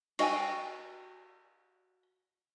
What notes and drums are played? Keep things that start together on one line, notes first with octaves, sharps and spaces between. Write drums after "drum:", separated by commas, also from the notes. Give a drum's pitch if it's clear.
F#4 D#5 G5 G#5, drum: cymbal